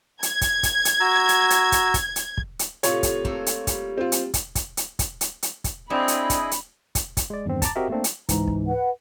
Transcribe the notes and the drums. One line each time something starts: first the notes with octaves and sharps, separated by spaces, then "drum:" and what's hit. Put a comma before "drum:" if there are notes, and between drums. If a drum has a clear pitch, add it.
G#6, drum: hi-hat
drum: kick, hi-hat
drum: kick, hi-hat
drum: hi-hat
F#4 A#5 E6
drum: hi-hat
drum: hi-hat
drum: kick, hi-hat
drum: kick, hi-hat
drum: hi-hat
drum: kick
drum: hi-hat
A2 C3 F4 C#5, drum: hi-hat
drum: kick, hi-hat
A3 A#3 C4, drum: kick
drum: hi-hat
G3, drum: kick, hi-hat
C4 F4
drum: hi-hat
drum: kick, hi-hat
drum: kick, hi-hat
drum: hi-hat
drum: kick, hi-hat
drum: hi-hat
drum: hi-hat
drum: kick, hi-hat
C4 D4 E4 G#4 D#5 B5
drum: hi-hat
drum: kick, hi-hat
drum: hi-hat
drum: kick, hi-hat
drum: kick, hi-hat
G#3 D5
E2 G2 D#3 C4
A5 A#5 D6 A6, drum: kick, hi-hat
C4 F#4 G4 A#4 D#5 E5
A3 A#3 C4 D4
drum: hi-hat
C#2 G#2 E3 A#5, drum: kick, hi-hat
drum: kick
B4 F#5